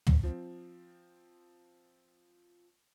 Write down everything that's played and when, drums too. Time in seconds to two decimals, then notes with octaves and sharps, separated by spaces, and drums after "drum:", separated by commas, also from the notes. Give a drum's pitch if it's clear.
0.07 drum: tom
0.23 F3 C4